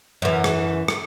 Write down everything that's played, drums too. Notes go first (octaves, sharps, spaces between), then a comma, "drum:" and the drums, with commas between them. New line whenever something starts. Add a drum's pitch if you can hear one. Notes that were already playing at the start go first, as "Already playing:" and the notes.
F#2 E3
drum: rim click
drum: rim click